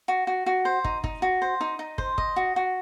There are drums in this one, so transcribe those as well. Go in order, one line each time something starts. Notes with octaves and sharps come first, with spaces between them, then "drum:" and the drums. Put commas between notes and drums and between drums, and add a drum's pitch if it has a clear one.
F#4
F#4
F#4
C5
D#4, drum: kick
D#4, drum: kick
F#4
C5
D#4
D#4
C5, drum: kick
D#5, drum: kick
F#4
F#4